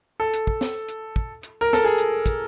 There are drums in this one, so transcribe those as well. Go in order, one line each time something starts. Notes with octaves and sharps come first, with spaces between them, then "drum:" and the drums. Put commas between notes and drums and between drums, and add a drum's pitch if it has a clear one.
A4
drum: hi-hat
drum: kick
drum: snare
drum: hi-hat
drum: kick
drum: hi-hat
A#4
A4, drum: snare
G#4
drum: hi-hat
drum: kick, hi-hat